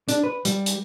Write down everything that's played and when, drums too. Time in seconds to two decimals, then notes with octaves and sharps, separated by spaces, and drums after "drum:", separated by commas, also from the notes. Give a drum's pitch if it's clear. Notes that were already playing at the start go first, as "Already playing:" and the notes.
0.09 D4, drum: hi-hat
0.24 B4
0.45 G3, drum: hi-hat
0.66 drum: hi-hat